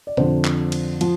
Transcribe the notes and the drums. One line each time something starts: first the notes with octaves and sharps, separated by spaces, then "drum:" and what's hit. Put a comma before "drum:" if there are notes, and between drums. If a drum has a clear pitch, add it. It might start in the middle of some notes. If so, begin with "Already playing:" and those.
D5
F2 D3 F3 C5, drum: tom B2
drum: clap
drum: cymbal
F3, drum: cymbal